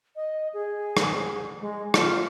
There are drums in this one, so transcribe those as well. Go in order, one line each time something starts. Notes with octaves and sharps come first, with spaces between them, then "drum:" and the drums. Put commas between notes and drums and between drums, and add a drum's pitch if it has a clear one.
D#5
G#4
drum: rim click
G#3
F4, drum: rim click